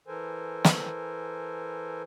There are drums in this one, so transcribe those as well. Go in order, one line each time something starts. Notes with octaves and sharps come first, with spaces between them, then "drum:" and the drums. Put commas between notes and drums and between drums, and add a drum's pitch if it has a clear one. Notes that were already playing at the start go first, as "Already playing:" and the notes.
E3 A4 A#4 C5 G#5
drum: snare